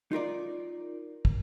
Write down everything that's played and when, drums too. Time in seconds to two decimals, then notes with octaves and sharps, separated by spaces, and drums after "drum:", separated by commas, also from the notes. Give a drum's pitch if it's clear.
0.12 D#4 F4 A#4 D5
1.25 drum: kick